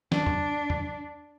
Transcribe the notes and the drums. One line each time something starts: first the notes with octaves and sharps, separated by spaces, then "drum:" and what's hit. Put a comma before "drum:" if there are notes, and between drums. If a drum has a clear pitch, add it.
D4, drum: snare
drum: tom E2
drum: tom E2